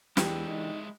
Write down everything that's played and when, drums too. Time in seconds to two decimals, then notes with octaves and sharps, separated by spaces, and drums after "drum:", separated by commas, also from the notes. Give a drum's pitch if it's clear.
0.17 E2 E3 G#3 D4 E4 G4 G5, drum: snare
0.48 D#4